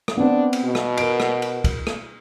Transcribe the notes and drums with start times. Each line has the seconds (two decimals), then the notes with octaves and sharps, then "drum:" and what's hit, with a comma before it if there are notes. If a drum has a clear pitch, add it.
0.08 drum: rim click
0.17 B3 C4 D4
0.53 drum: cymbal
0.64 B2
0.75 drum: rim click
0.97 A#4 D7, drum: cymbal
1.20 drum: rim click
1.42 drum: cymbal
1.64 drum: kick, cymbal
1.87 drum: rim click